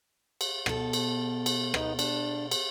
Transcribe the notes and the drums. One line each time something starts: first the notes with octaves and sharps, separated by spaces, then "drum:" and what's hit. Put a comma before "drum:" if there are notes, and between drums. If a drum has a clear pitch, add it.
drum: cymbal
B2 A4, drum: rim click
drum: cymbal
drum: cymbal
B3 D#4, drum: rim click
D4, drum: cymbal
drum: cymbal